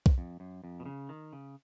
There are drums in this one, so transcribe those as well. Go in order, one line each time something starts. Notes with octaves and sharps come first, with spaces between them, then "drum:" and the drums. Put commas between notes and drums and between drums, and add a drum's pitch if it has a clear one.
drum: kick B1
F2
F#2
F2
B2
C#3
D#3
C#3